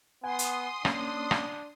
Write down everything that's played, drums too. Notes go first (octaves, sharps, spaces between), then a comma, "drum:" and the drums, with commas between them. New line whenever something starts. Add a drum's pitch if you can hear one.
B3 F#5 G#5 C6 D#6
drum: hi-hat
A#3 C#4 D4, drum: rim click
drum: rim click